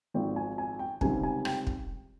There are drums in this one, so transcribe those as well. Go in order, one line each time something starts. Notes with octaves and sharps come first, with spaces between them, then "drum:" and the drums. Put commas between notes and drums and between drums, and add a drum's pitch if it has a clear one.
G#1 G#2 F3 G#3 G5
G#5
G#5
G5
C#2 C3 D#3 G3 G#5, drum: kick
G#5
G5, drum: rim click
drum: kick